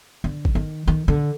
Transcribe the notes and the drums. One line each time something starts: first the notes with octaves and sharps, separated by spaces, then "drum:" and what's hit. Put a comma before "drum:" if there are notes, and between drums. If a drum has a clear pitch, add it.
D3
drum: kick G#1
D#3
D#3
D3